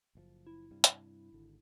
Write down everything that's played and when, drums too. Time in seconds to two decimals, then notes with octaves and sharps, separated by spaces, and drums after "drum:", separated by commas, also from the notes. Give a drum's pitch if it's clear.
0.15 F#1 A#2 F3
0.47 E4
0.71 G2 C3
0.84 drum: hi-hat
1.33 G#1 D3